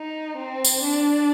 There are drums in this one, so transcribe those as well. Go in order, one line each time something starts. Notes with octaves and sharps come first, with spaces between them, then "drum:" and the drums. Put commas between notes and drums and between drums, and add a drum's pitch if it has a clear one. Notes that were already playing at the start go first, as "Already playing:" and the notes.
Already playing: D#4
C4
drum: tambourine
D4